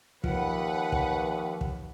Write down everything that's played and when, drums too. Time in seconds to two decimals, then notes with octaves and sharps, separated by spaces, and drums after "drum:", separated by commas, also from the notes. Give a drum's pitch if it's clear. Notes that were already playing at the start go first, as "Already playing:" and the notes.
0.24 D#2 F3 B4 F#5, drum: kick
0.92 drum: kick
1.61 drum: kick